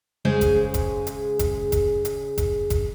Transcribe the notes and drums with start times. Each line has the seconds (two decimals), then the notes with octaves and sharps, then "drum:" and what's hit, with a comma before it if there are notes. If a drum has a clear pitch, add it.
0.25 C#3 G#3 G#4 C5
0.41 drum: kick F#1, hi-hat
0.74 drum: kick F#1, hi-hat
1.07 drum: hi-hat
1.39 drum: kick F#1, hi-hat
1.72 drum: kick F#1, hi-hat
2.05 drum: hi-hat
2.38 drum: kick F#1, hi-hat
2.70 drum: kick F#1, hi-hat